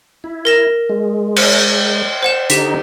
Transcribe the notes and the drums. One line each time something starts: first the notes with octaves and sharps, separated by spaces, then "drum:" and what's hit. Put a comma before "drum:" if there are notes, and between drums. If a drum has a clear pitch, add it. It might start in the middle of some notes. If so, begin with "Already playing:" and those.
E4
A#4 A#6 E7
G#3
C5 C#7, drum: cymbal
C5 F#5 E7
D3 D#4 G4 B6, drum: hi-hat